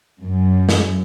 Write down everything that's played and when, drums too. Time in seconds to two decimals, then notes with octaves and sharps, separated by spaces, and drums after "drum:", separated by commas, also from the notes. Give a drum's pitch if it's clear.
0.21 F#2
0.69 drum: snare